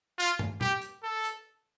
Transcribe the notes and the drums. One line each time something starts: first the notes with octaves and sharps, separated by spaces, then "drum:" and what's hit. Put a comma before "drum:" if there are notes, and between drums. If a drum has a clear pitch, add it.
F4
drum: tom
G4, drum: tom
drum: hi-hat
A4
drum: hi-hat